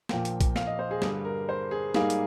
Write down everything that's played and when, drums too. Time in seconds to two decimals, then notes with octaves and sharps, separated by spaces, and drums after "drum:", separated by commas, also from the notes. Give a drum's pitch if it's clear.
0.09 A#1 A#2 F3 A#3 G5, drum: snare
0.25 drum: hi-hat
0.41 drum: kick, hi-hat
0.56 F5, drum: snare
0.67 D#5
0.79 C5
0.91 G#4
1.02 G2 D3 G3 G#4, drum: snare
1.25 A#4
1.49 C5
1.71 G#4
1.94 G#2 G3 A#3 D#4 G#4, drum: snare
2.10 drum: hi-hat